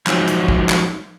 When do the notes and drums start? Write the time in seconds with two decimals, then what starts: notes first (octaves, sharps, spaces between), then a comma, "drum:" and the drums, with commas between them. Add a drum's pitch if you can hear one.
0.07 F3 F#3 G#3 D#4 C5, drum: clap
0.28 drum: hi-hat
0.48 drum: kick
0.69 drum: clap